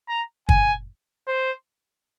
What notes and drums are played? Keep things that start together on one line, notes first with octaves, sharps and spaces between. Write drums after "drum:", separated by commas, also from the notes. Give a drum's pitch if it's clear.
A#5
G#5, drum: kick
C5